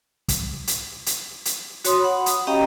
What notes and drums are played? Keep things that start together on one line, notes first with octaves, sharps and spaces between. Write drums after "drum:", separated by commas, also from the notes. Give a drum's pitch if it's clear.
drum: kick, hi-hat
drum: hi-hat
drum: hi-hat
drum: hi-hat
F#4 C#5 C6 D#6, drum: hi-hat
F#5 B5
D#6, drum: hi-hat
C#4 G4 D#5 F5 G5 A#5